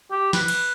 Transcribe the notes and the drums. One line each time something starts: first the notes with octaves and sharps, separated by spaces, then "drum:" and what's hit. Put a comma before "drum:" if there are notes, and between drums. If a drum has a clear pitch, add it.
G4
B4, drum: snare
drum: cymbal